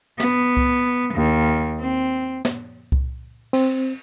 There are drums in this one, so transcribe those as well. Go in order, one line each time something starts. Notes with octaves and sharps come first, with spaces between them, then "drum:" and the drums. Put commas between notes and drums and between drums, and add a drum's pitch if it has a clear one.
B3, drum: snare
drum: kick C2
D#2
C4
drum: snare
drum: kick C2
C4, drum: cymbal